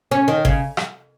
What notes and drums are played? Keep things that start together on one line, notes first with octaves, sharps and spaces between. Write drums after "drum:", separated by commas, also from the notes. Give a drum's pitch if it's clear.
C#4
D#3
C#3, drum: kick G#1
drum: rim click